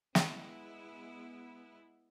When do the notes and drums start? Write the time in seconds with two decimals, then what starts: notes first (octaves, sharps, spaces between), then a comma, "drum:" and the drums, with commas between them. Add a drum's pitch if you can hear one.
0.15 G#3 B3 E4, drum: snare